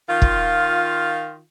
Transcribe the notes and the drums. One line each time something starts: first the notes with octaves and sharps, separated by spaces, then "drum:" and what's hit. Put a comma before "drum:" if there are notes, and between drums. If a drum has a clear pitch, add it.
D#3 F4
drum: kick